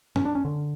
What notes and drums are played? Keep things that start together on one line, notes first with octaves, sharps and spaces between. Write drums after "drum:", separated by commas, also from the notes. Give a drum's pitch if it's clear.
C#4, drum: tom F#2
D4
C#4
D3